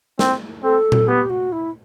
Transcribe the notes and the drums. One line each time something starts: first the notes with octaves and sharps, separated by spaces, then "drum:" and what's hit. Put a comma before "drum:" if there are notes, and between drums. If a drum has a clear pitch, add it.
C4, drum: snare
C4 A4
drum: tom A#2
B3 G4
F#4
E4